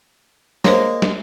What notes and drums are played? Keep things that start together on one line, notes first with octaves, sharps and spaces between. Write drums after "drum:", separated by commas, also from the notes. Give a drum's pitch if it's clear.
G#3 A#3 C5 C#5, drum: snare
drum: snare